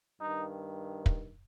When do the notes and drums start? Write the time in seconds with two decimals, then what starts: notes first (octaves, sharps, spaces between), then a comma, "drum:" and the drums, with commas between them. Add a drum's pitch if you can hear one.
0.20 G2 D#3 D#4
1.06 drum: kick